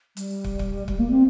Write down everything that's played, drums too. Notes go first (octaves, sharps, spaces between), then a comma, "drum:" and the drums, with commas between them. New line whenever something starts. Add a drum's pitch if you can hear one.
G3, drum: hi-hat
drum: kick
drum: kick
G3, drum: kick
A#3
C4